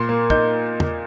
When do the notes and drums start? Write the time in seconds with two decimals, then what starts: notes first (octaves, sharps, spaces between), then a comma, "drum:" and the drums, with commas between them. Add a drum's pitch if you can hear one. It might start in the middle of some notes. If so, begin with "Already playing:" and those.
Already playing: A#2 C6
0.09 A#3
0.30 D#4 G6, drum: kick
0.80 drum: tom